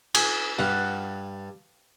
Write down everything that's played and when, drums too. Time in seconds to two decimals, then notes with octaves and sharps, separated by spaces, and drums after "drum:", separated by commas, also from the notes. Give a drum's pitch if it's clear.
0.15 G#5, drum: cymbal
0.59 G2 G3 F5 F#5